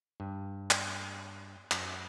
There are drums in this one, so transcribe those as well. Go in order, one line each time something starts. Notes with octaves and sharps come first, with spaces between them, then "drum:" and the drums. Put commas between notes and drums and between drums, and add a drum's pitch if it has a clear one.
G2
drum: clap
F#2, drum: clap